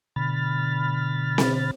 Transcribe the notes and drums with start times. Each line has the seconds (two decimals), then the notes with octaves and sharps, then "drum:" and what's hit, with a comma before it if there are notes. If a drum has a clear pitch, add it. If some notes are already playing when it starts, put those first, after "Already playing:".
0.16 B2 D3 B5 F6 A6
1.38 drum: snare C4